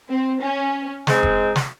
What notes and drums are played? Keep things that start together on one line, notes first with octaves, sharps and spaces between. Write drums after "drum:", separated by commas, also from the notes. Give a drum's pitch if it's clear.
C4
C#4
G#3 C4 D#4, drum: snare
drum: kick F1
drum: snare